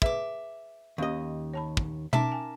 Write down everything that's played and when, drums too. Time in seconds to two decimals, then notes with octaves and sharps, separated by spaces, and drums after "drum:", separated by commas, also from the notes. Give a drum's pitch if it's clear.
0.02 G#4 B4 E5 D6, drum: kick
0.98 D#2 C#4 G4 D#5
1.53 C#5 A5 B5
1.77 drum: kick
2.13 C#4 D#4 A#4 E5 A5 D6, drum: tom B2
2.32 G#5